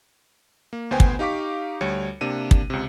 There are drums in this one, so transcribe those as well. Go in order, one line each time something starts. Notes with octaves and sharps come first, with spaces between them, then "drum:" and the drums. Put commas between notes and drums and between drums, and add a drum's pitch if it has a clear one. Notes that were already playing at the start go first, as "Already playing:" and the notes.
A#3
D2 B3 C5 G5 G#5
drum: kick
D#4 G4 F5 C#6 D6 B6
D2 G3 C#5 C#7
C3 A#3 D4 D#7
drum: kick
C#2 C3